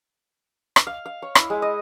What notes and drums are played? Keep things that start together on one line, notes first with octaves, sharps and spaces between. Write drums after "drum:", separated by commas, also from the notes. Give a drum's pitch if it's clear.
drum: rim click
F5
F5
C#5
E4, drum: rim click
G#3
D#5